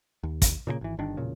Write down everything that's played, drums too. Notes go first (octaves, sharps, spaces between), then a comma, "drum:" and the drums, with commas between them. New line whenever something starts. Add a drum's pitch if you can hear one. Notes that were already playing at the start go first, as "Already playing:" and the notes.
D#2
drum: kick, hi-hat
A#2 C#3 E3 A#3
G#1 E3
G1 D#3 D4
E1 A#2 C#3